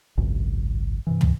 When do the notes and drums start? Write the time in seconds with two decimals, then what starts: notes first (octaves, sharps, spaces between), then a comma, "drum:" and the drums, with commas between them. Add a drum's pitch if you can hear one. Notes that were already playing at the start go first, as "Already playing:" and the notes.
0.18 G#1 C#2 F#2
1.07 G2 C3 E3
1.21 drum: tom